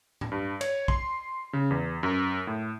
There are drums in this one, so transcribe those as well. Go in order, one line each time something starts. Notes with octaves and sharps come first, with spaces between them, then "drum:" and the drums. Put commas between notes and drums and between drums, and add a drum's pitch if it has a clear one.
drum: tom A2
G2
C#5, drum: cymbal
C6, drum: kick
C#3
E2
F#2
A2